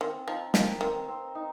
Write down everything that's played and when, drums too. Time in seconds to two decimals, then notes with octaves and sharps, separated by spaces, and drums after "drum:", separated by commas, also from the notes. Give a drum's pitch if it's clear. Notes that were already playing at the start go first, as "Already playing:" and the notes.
0.01 D#3 C4
0.27 F3 D#4
0.54 F3 A#4, drum: snare
0.81 D#3 C4
1.08 C4
1.35 D#4